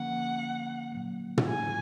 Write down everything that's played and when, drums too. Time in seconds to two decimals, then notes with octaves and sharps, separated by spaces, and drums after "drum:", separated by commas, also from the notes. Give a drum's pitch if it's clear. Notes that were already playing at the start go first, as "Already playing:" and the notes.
Already playing: D3 F3 A#3 C#4 F#5
0.92 A#2 F#3 A#3
1.38 drum: tom
1.48 G#5